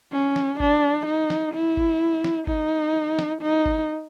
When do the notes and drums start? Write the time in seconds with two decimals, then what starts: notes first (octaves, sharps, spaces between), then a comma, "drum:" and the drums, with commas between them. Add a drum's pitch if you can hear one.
0.12 C#4
0.36 drum: snare
0.60 D4, drum: kick G1
1.06 D#4
1.30 drum: snare
1.54 E4
1.77 drum: kick G1
2.24 drum: snare
2.47 D#4, drum: kick G1
3.19 drum: snare
3.42 D#4
3.66 drum: kick G1